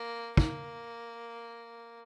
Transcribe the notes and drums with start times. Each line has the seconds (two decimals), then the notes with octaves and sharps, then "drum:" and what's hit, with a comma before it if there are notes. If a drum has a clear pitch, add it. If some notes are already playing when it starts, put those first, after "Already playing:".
Already playing: A#3
0.37 A#3, drum: kick